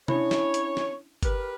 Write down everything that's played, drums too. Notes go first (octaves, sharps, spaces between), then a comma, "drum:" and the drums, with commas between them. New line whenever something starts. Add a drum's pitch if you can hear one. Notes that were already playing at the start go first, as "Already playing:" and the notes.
C#4 D4 E4 C#5, drum: tom C3
drum: snare
drum: hi-hat
drum: snare
G4 A#4 B4 F6, drum: kick G1, hi-hat